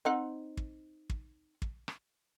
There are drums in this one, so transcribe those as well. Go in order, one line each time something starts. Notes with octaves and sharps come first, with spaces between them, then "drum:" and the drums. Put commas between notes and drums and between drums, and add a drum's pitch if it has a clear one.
C4 D#4 F#5
drum: kick
drum: kick
drum: kick
drum: rim click